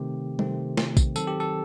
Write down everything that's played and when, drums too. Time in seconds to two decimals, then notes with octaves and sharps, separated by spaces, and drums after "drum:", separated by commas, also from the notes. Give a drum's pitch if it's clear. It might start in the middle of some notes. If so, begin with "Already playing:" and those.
Already playing: C3 D#3 A3 C4 G4
0.39 C3 D#3 A3 C4, drum: tom G3
0.77 drum: snare
0.97 drum: kick A#1, tambourine
1.16 D#3 F#3 C4 A4, drum: tambourine
1.27 G4
1.40 A4